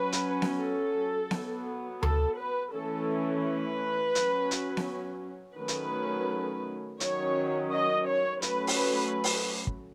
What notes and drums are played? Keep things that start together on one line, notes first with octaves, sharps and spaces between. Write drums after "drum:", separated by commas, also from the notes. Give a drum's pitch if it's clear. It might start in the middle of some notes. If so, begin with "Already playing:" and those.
Already playing: F#3 C#4 B4
drum: hi-hat
drum: snare B3
A4
F#3 B3, drum: snare B3
A4, drum: tom D2
B4
E3 A3 C#4 A4
B4
F#3 C#4, drum: hi-hat
drum: hi-hat
drum: snare B3
D#3 F#3 A3 C#4 B4
drum: hi-hat
D#3 F#3 C#4 C#5, drum: hi-hat
D#5
C#5
F#3 A3 C#4 B4, drum: hi-hat
drum: open hi-hat
drum: open hi-hat
drum: kick